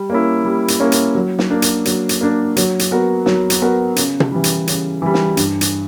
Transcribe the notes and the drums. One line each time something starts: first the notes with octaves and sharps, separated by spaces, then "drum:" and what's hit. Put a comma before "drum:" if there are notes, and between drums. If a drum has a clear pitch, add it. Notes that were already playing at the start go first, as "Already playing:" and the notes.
Already playing: G3
A#3 C#4 E4
G3
drum: hi-hat
A#3 C#4 E4
drum: hi-hat
F#3
drum: snare
A#3 D4
drum: hi-hat
F#3, drum: hi-hat
drum: hi-hat
A#3 D4
F#3, drum: hi-hat
drum: hi-hat
B3 F#4 A#4
F#3, drum: snare
drum: hi-hat
B3 F#4 A#4
C#3, drum: hi-hat
drum: tom
E3 G3
drum: hi-hat
C#3, drum: hi-hat
E3 G3
drum: snare
G2, drum: hi-hat
drum: hi-hat